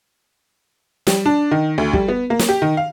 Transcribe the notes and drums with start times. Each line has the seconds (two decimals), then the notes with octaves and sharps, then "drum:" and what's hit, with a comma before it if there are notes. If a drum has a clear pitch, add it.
1.07 G3, drum: snare
1.26 D4
1.51 D#3
1.78 D2
1.93 G3, drum: kick
2.09 B3
2.30 A#3
2.39 drum: snare
2.49 G4
2.62 D#3
2.77 F5